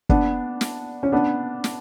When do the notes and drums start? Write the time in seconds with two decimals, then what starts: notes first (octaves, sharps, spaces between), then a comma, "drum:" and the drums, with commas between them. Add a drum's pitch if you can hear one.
0.09 B3 D4, drum: kick
0.61 drum: snare
1.03 C#4
1.12 B3 D4
1.64 drum: snare